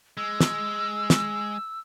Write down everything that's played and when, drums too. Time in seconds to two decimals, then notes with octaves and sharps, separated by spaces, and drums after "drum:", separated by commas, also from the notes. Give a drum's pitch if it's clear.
0.17 G#3 E6
0.40 drum: snare
1.10 drum: snare